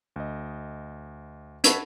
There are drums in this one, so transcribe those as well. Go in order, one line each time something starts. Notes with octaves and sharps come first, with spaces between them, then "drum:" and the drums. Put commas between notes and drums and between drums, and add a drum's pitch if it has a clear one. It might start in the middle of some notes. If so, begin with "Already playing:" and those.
D2 D#5
F#5 A5 B5 C#6 E6 G#6, drum: hi-hat